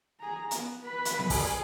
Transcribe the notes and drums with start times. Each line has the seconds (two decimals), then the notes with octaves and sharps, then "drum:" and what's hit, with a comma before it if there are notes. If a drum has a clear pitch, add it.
0.21 G#4 A#5
0.51 B3, drum: hi-hat
0.83 B4 B5
1.05 drum: hi-hat
1.19 drum: snare B3
1.30 G#4, drum: kick, open hi-hat